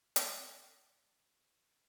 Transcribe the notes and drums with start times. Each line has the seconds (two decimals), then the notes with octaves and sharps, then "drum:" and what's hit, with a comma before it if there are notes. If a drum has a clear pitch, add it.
0.16 D4, drum: hi-hat
1.15 C#4